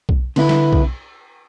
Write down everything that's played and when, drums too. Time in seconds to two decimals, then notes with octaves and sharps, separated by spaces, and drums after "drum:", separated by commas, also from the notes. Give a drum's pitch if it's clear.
0.09 drum: kick B1
0.36 D3 B3 E4, drum: cymbal
0.49 drum: snare
0.73 drum: kick B1